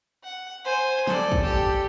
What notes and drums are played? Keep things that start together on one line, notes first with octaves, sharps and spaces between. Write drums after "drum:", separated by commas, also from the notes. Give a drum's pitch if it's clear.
F#5
C5 G#5
A4 D5, drum: snare
drum: kick
G4 A4